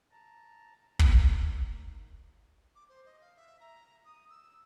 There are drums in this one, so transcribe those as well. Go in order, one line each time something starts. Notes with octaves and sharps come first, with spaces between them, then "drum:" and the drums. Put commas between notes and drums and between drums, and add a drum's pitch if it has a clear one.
A5 A#5
A2 D#3 A#3, drum: kick
D6
C5
D#5
F5
E5
A#5
D#6
E6